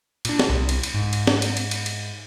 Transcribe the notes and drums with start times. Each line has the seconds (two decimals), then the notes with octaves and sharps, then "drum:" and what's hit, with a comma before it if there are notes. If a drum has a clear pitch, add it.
0.25 A#2 D4, drum: cymbal
0.39 drum: snare
0.49 C2
0.69 drum: cymbal
0.83 drum: cymbal
0.94 G#2
1.13 drum: cymbal
1.27 drum: snare
1.42 drum: cymbal
1.57 drum: cymbal
1.71 drum: cymbal
1.86 drum: cymbal